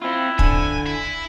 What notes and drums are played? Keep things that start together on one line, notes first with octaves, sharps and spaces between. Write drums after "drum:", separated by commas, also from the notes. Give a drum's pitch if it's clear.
C4 E4 F4
D3 G#5, drum: kick
E4